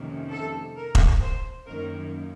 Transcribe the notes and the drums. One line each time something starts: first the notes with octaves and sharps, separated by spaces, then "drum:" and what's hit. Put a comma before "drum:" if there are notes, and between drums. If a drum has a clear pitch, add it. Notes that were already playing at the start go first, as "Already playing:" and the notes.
Already playing: F2 C3 D#3 A#3 C#4
A4
A#4
drum: kick E1
C5
F#2 D#3 A#3 C#4 A#4